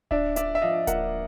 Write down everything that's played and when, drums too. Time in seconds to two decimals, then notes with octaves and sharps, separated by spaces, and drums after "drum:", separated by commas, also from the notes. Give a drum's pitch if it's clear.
0.11 D4 D5 E5, drum: kick D1
0.36 D4 D5 E5, drum: hi-hat
0.55 E5
0.62 F3 D#5 F5
0.87 A#3 E5 F#5, drum: kick D1, hi-hat